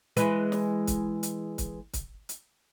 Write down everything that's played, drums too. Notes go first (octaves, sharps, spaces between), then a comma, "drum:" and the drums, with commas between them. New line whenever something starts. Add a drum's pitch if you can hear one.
E3 G#3 B4, drum: hi-hat
drum: snare
drum: kick, hi-hat
drum: hi-hat
drum: kick, hi-hat
drum: kick, hi-hat
drum: hi-hat